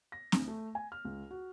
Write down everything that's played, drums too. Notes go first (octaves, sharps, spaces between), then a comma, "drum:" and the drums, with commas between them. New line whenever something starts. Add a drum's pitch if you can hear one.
A#6
D2, drum: snare C4
A3
G#5
F6
C#2
F#4